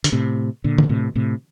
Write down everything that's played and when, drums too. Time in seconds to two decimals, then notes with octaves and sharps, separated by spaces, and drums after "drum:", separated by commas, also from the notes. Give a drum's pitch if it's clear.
0.04 D3, drum: hi-hat
0.12 A2 C3
0.64 A#2 D3
0.78 drum: tom
0.89 A2 C3
1.15 A2 C3